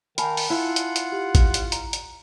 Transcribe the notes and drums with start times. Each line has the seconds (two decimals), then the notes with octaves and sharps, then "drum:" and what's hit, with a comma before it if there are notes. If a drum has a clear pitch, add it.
0.18 D#3 F5 G#5 A5 B5, drum: hi-hat
0.37 drum: open hi-hat
0.50 E4 F4 F#5
0.76 drum: hi-hat
0.96 drum: hi-hat
1.12 G4
1.35 drum: kick, hi-hat
1.54 drum: hi-hat
1.72 A#5, drum: hi-hat
1.93 drum: hi-hat